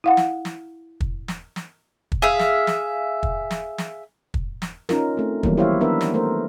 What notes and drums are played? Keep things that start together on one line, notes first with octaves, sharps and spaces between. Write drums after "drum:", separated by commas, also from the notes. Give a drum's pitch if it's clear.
E4 F5 F#5
drum: snare
drum: snare
drum: kick
drum: snare
drum: snare
drum: kick
G#4 E5 F5
drum: snare
drum: snare
drum: kick
drum: snare
drum: snare
drum: kick
drum: snare
C#4 D#4 F4 A#4, drum: snare
A3 C4
D#3 E3 F#3 G3 A#3 B3, drum: kick
E4 G4 C5 C#5 E5 F5
B3 D4 A#4 B4 E5
drum: snare
A3 A#3 A#4 C5